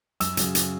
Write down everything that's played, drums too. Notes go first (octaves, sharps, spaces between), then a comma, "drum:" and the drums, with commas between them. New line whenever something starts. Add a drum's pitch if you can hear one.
F#2 E6, drum: hi-hat
C#3 F#3, drum: hi-hat
drum: hi-hat